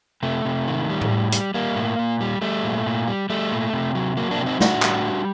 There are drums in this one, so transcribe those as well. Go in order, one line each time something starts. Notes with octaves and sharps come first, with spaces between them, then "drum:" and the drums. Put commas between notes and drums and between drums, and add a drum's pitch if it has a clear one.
C3 A3
C3
D#3
G3
drum: tom A2
A2
G3, drum: hi-hat
G3 A#3
A2
A#2
G3
G3 A3
A#2
A#2
G3
G3 A3
A#2
C3
F#3
F#3 A#3
A#3 D4
C3
C4 D#4
A2 D4 F#4, drum: snare
G3, drum: clap
G3